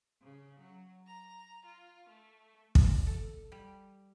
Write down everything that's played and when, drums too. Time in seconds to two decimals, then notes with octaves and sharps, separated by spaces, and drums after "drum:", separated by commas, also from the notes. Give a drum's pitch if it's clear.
0.22 C#3
0.60 F#3
1.07 A#5
1.66 F4
2.09 A3
2.75 drum: kick
3.07 A4
3.52 G3